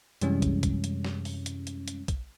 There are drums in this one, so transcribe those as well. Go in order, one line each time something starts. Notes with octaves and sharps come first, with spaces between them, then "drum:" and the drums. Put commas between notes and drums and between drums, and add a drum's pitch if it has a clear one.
F#2 C3 E3 G3 G#3 C#4, drum: hi-hat
drum: kick, hi-hat
drum: kick, hi-hat
drum: hi-hat
drum: snare
drum: open hi-hat
drum: hi-hat
drum: hi-hat
drum: hi-hat
drum: kick, hi-hat